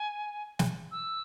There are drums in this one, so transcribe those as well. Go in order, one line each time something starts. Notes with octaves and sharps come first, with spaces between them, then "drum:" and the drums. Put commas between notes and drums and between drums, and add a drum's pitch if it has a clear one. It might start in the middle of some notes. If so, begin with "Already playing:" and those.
Already playing: G#5
drum: snare
E6